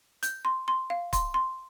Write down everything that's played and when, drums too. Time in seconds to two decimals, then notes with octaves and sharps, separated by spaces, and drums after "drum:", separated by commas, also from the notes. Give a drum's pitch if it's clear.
0.23 G6, drum: hi-hat
0.45 C6
0.68 C6
0.90 F5
1.13 C6, drum: kick C#1, hi-hat
1.34 C6